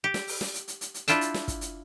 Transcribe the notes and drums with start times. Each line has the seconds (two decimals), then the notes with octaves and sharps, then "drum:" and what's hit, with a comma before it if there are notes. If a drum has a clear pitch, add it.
0.04 G4
0.14 drum: snare
0.27 drum: open hi-hat
0.41 drum: snare
0.54 drum: hi-hat
0.68 drum: hi-hat
0.81 drum: hi-hat
0.94 drum: hi-hat
1.08 D4 E4 F4 G5 A5, drum: hi-hat
1.21 drum: hi-hat
1.34 drum: snare
1.48 drum: kick, hi-hat
1.61 drum: hi-hat